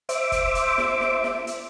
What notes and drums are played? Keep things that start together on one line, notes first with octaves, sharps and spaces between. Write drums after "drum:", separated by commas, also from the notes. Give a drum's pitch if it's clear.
C5 E5 D6, drum: hi-hat
drum: kick, hi-hat
drum: hi-hat
drum: snare
drum: snare
drum: snare
drum: hi-hat